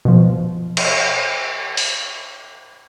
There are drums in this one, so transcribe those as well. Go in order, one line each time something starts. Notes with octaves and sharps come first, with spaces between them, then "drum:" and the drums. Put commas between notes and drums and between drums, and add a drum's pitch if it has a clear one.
B2 F3
drum: cymbal
drum: open hi-hat